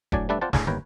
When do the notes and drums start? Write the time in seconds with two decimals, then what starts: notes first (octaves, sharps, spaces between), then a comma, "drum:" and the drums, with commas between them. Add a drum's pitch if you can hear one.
0.12 A2 F#3 D4 D5 G#5, drum: kick F1
0.29 G3 A3 D4 B4 D5 E5
0.41 C4 F4 C5 D5 F#5 A5
0.53 A2 D4 G#4 G#5, drum: snare
0.67 G1 D#2 A#4 B4 C#5 G5